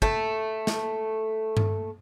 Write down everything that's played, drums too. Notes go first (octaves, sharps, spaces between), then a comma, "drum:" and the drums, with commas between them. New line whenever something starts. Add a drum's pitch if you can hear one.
A3 A5, drum: kick
drum: snare
drum: tom G2